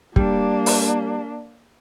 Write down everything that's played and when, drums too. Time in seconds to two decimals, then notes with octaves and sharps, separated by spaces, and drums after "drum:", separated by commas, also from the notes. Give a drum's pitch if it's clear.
0.16 G3 A#3 D4, drum: kick
0.66 drum: open hi-hat